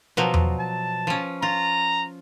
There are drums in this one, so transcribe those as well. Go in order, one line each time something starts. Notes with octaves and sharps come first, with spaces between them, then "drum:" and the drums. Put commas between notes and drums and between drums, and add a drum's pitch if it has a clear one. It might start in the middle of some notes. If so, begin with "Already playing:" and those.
B2 F3 F#3
drum: tom E2
A5
F3 C#4
F4 A#5